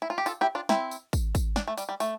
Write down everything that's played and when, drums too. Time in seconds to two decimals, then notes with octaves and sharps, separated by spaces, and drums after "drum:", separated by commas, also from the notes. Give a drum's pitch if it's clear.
0.02 E4
0.10 F4
0.18 G4
0.26 F4 A4, drum: tambourine
0.41 E4 G4
0.55 D4 F4
0.69 C4 E4, drum: snare
0.91 drum: tambourine
1.13 drum: kick, tambourine
1.35 drum: kick, tambourine
1.56 D4, drum: snare
1.67 A3
1.77 G3, drum: tambourine
1.89 G3
2.00 A3, drum: tambourine